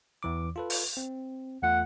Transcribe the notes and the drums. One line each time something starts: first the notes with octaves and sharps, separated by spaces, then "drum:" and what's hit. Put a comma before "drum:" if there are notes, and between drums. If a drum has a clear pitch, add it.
E2 E3 D6
F4 A4 B4
drum: open hi-hat
C4
E2 A3 F4 F#5